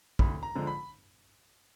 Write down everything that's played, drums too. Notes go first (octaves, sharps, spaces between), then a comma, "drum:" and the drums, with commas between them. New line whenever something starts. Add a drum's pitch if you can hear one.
D2 B5, drum: kick
A#5
D3 F3 G#3
B5